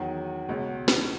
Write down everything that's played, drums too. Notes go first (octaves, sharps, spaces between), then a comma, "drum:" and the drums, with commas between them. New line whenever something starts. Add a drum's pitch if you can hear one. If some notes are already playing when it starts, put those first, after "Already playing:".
Already playing: E2 D#3 F#3
C#2 B2 G#3 C#4
drum: snare